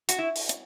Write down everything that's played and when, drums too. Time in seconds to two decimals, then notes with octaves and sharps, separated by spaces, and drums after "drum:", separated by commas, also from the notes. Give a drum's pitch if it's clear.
0.09 F#4, drum: hi-hat
0.19 E4
0.36 drum: open hi-hat
0.49 drum: hi-hat